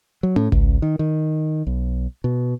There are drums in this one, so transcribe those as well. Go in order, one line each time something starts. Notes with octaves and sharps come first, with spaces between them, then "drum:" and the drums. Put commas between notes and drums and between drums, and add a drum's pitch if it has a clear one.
F#3
A2, drum: tom C#4
C#2, drum: kick G#1
D#3
D#3
B1
B2